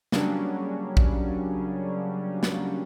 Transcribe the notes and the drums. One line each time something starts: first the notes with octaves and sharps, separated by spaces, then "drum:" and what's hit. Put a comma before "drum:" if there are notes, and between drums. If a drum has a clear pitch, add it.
C#3 F#3 G3 A#3 C#4 D4, drum: snare
drum: kick A#1
drum: snare